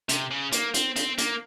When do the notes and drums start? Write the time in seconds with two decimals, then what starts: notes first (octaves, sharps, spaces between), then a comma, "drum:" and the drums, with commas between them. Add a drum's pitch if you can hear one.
0.09 C3, drum: hi-hat
0.31 C#3
0.52 A#3, drum: hi-hat
0.74 C4, drum: hi-hat
0.96 C4, drum: hi-hat
1.18 A#3, drum: hi-hat